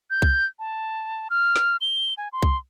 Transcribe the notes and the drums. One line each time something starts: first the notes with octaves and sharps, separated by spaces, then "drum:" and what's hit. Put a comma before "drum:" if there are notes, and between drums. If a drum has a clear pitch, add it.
G6
drum: kick C2
A5
F6
drum: snare
G7
G#5
C6
drum: kick C2